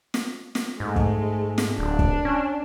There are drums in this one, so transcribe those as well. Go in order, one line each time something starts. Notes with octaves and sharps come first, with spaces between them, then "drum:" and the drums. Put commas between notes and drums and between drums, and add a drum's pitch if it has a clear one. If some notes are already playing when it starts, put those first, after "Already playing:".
drum: snare
drum: snare
G#2 G#3 A3
drum: kick
drum: snare
D1 D4
drum: kick
C#4